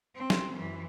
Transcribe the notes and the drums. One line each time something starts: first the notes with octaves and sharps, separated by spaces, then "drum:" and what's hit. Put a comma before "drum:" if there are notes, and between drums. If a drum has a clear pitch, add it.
C4
drum: snare
F#2 E3